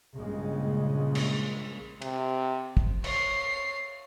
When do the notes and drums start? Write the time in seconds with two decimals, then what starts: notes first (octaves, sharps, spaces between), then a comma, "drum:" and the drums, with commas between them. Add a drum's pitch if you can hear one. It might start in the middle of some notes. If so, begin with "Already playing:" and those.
0.15 A#1 G2 C#3 G#3
1.15 drum: cymbal
2.02 C3, drum: cymbal
2.77 drum: kick
3.04 C#5 C7, drum: cymbal